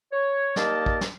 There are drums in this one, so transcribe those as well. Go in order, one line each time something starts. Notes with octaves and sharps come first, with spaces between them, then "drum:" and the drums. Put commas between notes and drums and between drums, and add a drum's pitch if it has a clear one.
C#5
D#2 A#3 D5 D#5 F5 A5, drum: snare
drum: kick
drum: snare